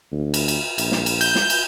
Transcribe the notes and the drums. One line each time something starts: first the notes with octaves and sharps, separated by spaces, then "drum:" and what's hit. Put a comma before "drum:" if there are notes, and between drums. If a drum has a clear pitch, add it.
D2
drum: cymbal
drum: cymbal
A#1, drum: cymbal
drum: snare
drum: cymbal
G6, drum: cymbal
drum: snare
drum: cymbal